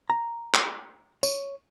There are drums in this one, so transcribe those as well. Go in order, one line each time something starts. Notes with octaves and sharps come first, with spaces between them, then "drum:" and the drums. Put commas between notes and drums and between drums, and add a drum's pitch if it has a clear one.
A#5
drum: clap
C#5, drum: tambourine